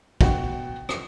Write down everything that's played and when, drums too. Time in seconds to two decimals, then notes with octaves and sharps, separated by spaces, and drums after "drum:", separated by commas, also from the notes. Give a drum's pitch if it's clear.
0.21 B2 F#4 G5, drum: kick
0.89 drum: rim click